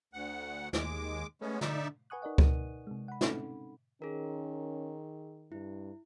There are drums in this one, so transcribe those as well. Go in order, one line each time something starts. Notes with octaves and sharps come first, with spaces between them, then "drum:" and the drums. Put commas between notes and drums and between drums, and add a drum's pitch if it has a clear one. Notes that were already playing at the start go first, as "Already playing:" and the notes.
D2 F#5
D#2 G#3 D6, drum: snare
G#3 A3 B3 C#4
D3 D#4 D5 E5, drum: snare
B4 F#5 G#5 C#6 D#6 F#6
D#4 A#4 D5 D#5 F#5
A#4 D#7, drum: kick C#2
C3 G#3
F#5 B5
C4 C#4 D#4 A4, drum: snare
D#3 C#4 G#4 A#4
G2 E4